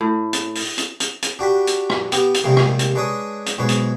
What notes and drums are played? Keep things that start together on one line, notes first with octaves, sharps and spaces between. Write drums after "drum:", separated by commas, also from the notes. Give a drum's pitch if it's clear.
A2
drum: hi-hat
drum: open hi-hat
drum: hi-hat
drum: hi-hat
drum: hi-hat
D4 F#4 G4 B5
drum: hi-hat
drum: rim click
B3 G4, drum: hi-hat
drum: hi-hat
C3 D#3 G3 G#3 A#3
drum: rim click
drum: hi-hat
G#3 D4 B4 C#5 D#6
drum: hi-hat
B1 G#2 G#3 B4 C#5
drum: hi-hat